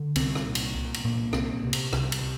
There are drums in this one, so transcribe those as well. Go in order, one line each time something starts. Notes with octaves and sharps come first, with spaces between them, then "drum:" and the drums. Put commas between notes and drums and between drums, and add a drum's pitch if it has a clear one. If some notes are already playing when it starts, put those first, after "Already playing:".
Already playing: D3
C2 C4, drum: cymbal
drum: rim click
A#2
drum: cymbal
C2
drum: cymbal
A#2
C2 C4, drum: rim click
C3
drum: cymbal
C2, drum: rim click
drum: cymbal
C3